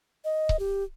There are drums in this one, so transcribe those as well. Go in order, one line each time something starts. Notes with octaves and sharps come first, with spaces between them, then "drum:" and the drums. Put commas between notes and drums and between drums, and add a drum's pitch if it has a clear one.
D#5
drum: kick C#1
G4